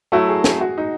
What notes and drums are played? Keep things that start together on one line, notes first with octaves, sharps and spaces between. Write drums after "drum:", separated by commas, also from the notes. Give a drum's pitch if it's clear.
F#3 A3 E4 F#4
G#4
G#4, drum: snare
F#4
D#4